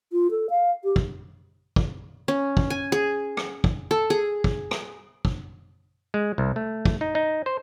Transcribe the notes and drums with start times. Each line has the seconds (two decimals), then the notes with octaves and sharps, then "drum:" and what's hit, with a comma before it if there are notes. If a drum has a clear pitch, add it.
0.12 F4
0.31 A4
0.50 F5
0.84 G4
0.96 drum: kick
1.76 drum: kick
2.28 C#4
2.57 drum: kick
2.70 G#5
2.92 G#4
3.37 drum: rim click
3.64 drum: kick
3.91 A4
4.10 G#4
4.44 drum: kick
4.71 drum: rim click
5.25 drum: kick
6.14 G#3
6.38 C2
6.56 A3
6.85 drum: kick
7.01 D#4
7.15 D#4
7.46 C5